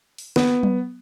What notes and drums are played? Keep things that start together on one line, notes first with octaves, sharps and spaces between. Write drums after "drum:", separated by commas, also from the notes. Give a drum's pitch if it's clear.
drum: open hi-hat
B3, drum: snare
drum: tom F#3